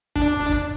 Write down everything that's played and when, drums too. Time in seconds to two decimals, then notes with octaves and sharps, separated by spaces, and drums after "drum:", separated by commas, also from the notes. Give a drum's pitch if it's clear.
0.16 D4, drum: kick
0.33 drum: hi-hat
0.49 drum: kick